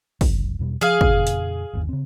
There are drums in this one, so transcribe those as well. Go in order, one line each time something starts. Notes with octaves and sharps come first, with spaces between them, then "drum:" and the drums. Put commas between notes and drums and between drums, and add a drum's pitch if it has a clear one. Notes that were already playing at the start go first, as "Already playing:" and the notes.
C2 F#2, drum: kick, open hi-hat
E2 B2 G3
F3 G#4 F5
F2 A#2 C#3, drum: kick
drum: hi-hat
D1 G1 D#2
C#3 C4